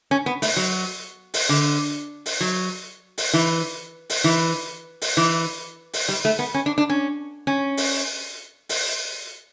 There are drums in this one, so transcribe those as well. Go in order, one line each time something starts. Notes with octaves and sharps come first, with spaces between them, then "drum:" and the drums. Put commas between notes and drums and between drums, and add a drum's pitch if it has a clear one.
C#4
B3
A3, drum: open hi-hat
F#3
drum: open hi-hat
D3
drum: open hi-hat
F#3
drum: open hi-hat
E3
drum: open hi-hat
E3
drum: open hi-hat
E3
drum: open hi-hat
G3
A3
B3
C#4
D4
D4
C#4
C#4
drum: open hi-hat
drum: open hi-hat